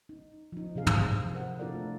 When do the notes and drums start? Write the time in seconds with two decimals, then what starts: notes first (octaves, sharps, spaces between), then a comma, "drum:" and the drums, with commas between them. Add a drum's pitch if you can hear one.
0.09 D#4
0.52 F3 D#4
0.75 C3 F3 G#4 F5
0.87 drum: tom
1.34 A#4 C5 F#5
1.59 D4 E4 F4 A4 A#4 D5
1.74 A3